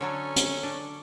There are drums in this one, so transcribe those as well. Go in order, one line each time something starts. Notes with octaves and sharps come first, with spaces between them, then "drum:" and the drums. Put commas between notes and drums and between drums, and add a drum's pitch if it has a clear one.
D3 F#3 C#4 A4
drum: hi-hat
D4